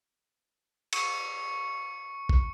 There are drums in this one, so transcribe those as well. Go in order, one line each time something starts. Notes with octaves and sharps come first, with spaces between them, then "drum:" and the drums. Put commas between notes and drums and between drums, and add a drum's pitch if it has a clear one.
C#6 C#7, drum: cymbal
drum: kick